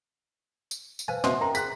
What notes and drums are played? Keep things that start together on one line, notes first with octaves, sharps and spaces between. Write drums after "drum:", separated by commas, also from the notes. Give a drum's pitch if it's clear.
drum: tambourine
drum: tambourine
B4 C5 F5 G#5
B2 C#4 F4 C5 E5 C6, drum: snare
A#4 G5 A#5 C6
G#4 A#5 C6 F#6 B6, drum: tambourine